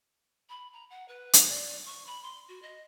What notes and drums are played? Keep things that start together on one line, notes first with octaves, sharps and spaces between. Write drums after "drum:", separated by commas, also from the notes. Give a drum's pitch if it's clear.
B5
A#5
F#5
B4
drum: hi-hat
D5
C#6
B5
C6
F#4
D#5